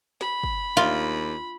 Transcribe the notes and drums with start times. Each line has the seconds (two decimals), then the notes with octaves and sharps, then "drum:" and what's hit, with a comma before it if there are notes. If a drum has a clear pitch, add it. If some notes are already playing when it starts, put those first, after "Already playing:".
0.21 B5, drum: snare
0.43 drum: kick
0.77 D#2 F4